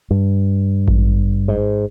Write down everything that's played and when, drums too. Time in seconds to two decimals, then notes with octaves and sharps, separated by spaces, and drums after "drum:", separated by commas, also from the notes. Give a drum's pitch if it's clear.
0.11 G2
0.88 drum: kick A1
1.48 G#2